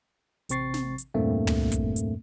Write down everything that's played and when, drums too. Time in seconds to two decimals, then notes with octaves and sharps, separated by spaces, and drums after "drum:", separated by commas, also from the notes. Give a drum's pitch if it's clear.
0.49 A1 C3 C4 C#6 A6 C7, drum: hi-hat
0.74 drum: snare
0.98 drum: hi-hat
1.14 E2 G2 A#2 A3 A#3 C4
1.47 drum: tom
1.72 drum: kick, hi-hat
1.96 drum: hi-hat